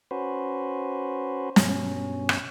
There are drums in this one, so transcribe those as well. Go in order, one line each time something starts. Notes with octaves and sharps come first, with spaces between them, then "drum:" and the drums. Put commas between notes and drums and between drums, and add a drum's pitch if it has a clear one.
C#4 F#4 B4 C5
G2 B2 C#4, drum: snare
drum: rim click